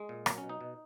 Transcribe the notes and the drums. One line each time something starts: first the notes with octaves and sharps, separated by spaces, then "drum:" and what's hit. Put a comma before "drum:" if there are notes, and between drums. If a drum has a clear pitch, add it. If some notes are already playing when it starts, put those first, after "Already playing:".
Already playing: G#3
A#2
F#3 A#3, drum: rim click
C#4
B2
D#4
B2